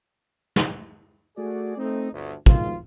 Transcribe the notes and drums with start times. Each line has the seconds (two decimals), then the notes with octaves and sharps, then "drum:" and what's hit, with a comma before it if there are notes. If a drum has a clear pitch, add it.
0.56 drum: snare
1.37 A3 F#4 G#4 D5
1.78 A3 C4 D#4
2.13 G1 D2
2.46 B2 D#3 F3 G#3 F4, drum: kick